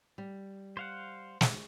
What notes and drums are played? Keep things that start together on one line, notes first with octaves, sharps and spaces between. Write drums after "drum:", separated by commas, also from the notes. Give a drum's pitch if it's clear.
G3
C5 F5 F#5
drum: snare